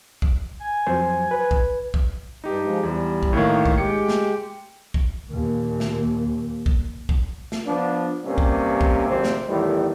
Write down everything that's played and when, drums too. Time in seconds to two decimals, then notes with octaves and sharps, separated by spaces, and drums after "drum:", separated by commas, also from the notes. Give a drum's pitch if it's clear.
0.22 drum: kick
0.61 G#5
0.87 F2 F#3 C5
1.31 B4
1.51 drum: kick
1.94 drum: kick
2.44 G2 D#4 G4
2.63 F3 G#3
2.83 E2 G3
3.23 drum: kick
3.33 A2 D#3 A#3 C#5
3.66 drum: kick
3.78 G#3 G4 G5 D6 C#7
4.09 drum: snare
4.94 drum: kick
5.30 D#2 A#2
5.80 drum: snare
6.66 drum: kick
7.09 drum: kick
7.52 drum: snare
7.66 F3 B3 D4
8.24 G2 C3 A#3 C#4
8.38 drum: kick
8.81 drum: kick
9.06 G#1 F2 C3 C4 C5
9.24 drum: snare
9.48 E2 A2 D#3 G3